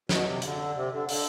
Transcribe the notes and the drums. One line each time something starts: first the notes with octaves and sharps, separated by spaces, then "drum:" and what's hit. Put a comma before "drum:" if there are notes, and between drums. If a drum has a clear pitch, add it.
B2, drum: snare
C3
D3, drum: hi-hat
C3
D3
D3, drum: open hi-hat